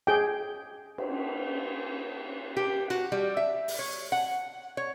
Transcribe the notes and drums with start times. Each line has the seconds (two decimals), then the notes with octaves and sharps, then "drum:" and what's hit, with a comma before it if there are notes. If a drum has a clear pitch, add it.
0.07 G#4 G5
0.98 drum: cymbal
2.57 G4
2.90 F#4, drum: cymbal
3.12 G3
3.37 E5
3.68 drum: open hi-hat
3.79 C#5
4.12 F#5
4.77 C#5